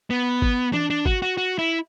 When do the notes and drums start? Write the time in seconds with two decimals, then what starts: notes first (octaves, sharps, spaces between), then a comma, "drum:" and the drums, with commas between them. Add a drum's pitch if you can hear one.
0.10 B3
0.42 drum: kick G1
0.73 D4, drum: tom E3
0.90 D4
1.06 F#4, drum: kick G1
1.22 F#4
1.37 F#4
1.58 E4